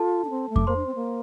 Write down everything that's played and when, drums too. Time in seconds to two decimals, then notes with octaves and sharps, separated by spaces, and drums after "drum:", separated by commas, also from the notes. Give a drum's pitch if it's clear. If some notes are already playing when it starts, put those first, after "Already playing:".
Already playing: F4 A4 A5
0.25 D4
0.30 C4
0.50 A3
0.56 D6, drum: kick F2
0.67 A#3 C5 C6
0.76 D4
0.87 C4
0.95 A#3